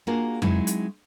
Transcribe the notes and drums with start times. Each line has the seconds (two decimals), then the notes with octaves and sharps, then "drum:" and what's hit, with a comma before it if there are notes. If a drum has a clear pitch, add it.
0.07 A#3 D4 F4 F#4 G#4 A#4
0.42 F#3 G#3 C4 D#4 E4, drum: tom F2
0.67 drum: hi-hat